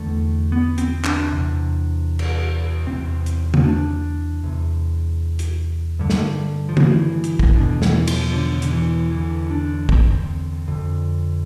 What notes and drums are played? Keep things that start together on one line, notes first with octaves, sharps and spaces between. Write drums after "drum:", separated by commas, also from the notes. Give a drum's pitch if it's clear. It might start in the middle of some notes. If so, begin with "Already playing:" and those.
Already playing: E2 D3 A3
B3
C4, drum: hi-hat
D4, drum: clap
E2 C3
drum: cymbal
E2 C3 C4
drum: hi-hat
drum: tom
D4
E2 C3
drum: hi-hat
G2 D3
drum: snare
F3
E3, drum: tom
drum: hi-hat
drum: kick
E2 B2 D3
E3, drum: snare
F3, drum: cymbal
D3
D3, drum: hi-hat
E3
E2 D3 E3
D4
C4, drum: kick
F2 D3